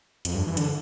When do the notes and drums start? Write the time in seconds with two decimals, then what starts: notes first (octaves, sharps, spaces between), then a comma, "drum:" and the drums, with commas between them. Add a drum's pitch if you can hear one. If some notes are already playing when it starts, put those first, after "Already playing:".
0.25 F2, drum: hi-hat
0.35 G2
0.47 E3
0.57 D3, drum: hi-hat